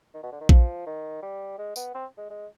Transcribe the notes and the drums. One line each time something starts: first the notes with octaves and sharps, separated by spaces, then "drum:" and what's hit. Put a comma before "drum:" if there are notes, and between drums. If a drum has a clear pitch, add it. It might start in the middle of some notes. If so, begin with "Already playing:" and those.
D#3
B2
D3
D#3
F3, drum: kick A#1
D#3
G3
G#3
B3, drum: tambourine
C4
G#3
G#3